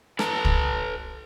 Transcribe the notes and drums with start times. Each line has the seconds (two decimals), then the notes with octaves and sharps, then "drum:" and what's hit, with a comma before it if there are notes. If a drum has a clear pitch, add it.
0.19 A4 B4 A5 A#5, drum: rim click
0.45 drum: kick